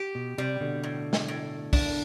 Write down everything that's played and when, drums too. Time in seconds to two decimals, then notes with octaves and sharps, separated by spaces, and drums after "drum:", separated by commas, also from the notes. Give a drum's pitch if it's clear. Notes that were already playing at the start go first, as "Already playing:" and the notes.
Already playing: G4
0.15 B2
0.38 C3 G3
0.61 B2 D3
0.83 A2
1.13 drum: snare
1.28 A2
1.73 D4, drum: kick, open hi-hat